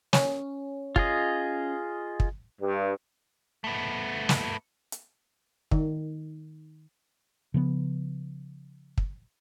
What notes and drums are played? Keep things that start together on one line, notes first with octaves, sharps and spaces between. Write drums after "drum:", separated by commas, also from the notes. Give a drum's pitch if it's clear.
C#4, drum: snare
F4 G#4 D#5, drum: kick
drum: kick
G2
A3 B3
drum: snare
drum: hi-hat
D#3, drum: kick
C#3 F3 B3
drum: kick